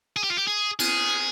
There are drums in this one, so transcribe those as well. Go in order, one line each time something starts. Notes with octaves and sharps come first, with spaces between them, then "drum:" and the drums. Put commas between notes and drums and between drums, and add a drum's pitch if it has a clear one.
G#4
G4
F4
G4
G#4
G#4, drum: cymbal